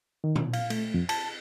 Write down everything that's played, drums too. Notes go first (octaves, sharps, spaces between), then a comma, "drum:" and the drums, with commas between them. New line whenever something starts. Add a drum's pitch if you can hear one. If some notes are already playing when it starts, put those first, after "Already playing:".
D#3
drum: tom A#2
F5, drum: cymbal
A3, drum: cymbal
F2
A5, drum: cymbal